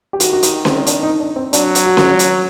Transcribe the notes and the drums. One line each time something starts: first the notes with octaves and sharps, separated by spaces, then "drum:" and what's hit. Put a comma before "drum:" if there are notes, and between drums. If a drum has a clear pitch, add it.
G4
D#3 F#4, drum: hi-hat
F#4
D#4, drum: hi-hat
C4, drum: snare C#4
D4, drum: hi-hat
D#4
D4
C4
F#3 D4, drum: hi-hat
drum: hi-hat
F#4
drum: snare C#4
drum: hi-hat